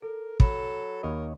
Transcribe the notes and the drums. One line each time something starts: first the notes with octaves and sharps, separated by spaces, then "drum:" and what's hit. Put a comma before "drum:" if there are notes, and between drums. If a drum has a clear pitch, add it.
A4 A#4
F#3 A4 B5, drum: kick
D#2 A#4 C#5 D#5